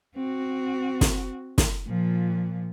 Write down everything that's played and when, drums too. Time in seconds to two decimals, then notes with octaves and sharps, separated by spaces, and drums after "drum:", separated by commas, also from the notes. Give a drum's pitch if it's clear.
0.16 C4 F#4
1.01 drum: snare
1.58 drum: snare
1.86 A#2 F3